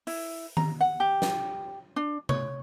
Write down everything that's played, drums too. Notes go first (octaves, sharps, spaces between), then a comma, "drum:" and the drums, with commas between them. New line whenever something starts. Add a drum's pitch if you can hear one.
E4, drum: open hi-hat
A#5, drum: tom D#3
F#5
G4
drum: snare
D4
C#5, drum: tom C3